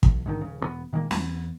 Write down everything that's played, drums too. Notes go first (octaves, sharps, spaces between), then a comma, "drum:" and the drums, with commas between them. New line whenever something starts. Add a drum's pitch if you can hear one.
B1, drum: kick
G#2 D3 D#3
D#1 C#3
E1 B2 B3
A#2 D#3 G#3 A#3
E2 B3, drum: snare